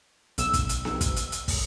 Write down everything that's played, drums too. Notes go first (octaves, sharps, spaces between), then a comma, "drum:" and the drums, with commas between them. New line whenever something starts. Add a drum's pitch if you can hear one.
B1 E6, drum: hi-hat
drum: kick, hi-hat
drum: hi-hat
drum: snare B3
drum: kick, hi-hat
drum: hi-hat
drum: hi-hat
drum: kick, open hi-hat